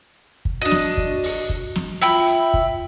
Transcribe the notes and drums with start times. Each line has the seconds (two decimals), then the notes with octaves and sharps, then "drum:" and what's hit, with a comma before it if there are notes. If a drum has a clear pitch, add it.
0.45 drum: kick
0.62 D4 F#4 D#5
0.71 drum: snare
0.97 drum: kick
1.23 drum: open hi-hat
1.49 drum: kick
1.75 drum: snare
2.02 F4 E5 G5 B5
2.28 drum: hi-hat
2.54 drum: kick